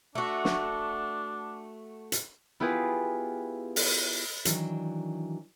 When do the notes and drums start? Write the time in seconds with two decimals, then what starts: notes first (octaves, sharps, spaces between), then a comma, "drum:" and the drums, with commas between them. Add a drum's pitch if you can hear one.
0.15 A3 D4 F#4
0.45 drum: snare
2.12 drum: hi-hat
2.60 B3 E4 F4 G4 G#4 B4
3.76 drum: open hi-hat
4.45 D#3 E3 F#3 D4, drum: hi-hat